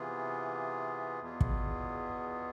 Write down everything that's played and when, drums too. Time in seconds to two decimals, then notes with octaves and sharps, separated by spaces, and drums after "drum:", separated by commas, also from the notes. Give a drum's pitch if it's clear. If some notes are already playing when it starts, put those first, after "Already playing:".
Already playing: C3 E3 B3 F4 G#4
1.21 E2 B2 B3 F4 G#4
1.41 drum: kick